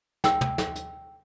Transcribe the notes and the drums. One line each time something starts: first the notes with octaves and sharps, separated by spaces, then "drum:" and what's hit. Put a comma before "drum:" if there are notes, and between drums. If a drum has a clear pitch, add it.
G5 E6, drum: snare
drum: tom
drum: snare
drum: hi-hat